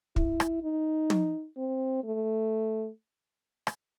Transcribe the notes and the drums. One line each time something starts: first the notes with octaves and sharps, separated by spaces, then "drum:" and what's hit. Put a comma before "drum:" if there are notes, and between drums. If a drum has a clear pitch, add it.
E4, drum: kick
drum: rim click
D#4
drum: tom
C4
A3
drum: rim click